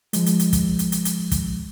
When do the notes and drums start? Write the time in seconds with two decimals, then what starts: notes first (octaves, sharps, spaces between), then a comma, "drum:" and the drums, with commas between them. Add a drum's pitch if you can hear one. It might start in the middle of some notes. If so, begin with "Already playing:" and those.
0.13 F3 G#3, drum: hi-hat
0.26 drum: hi-hat
0.39 drum: hi-hat
0.53 drum: kick, hi-hat
0.79 drum: hi-hat
0.92 drum: hi-hat
1.05 drum: hi-hat
1.31 drum: kick, hi-hat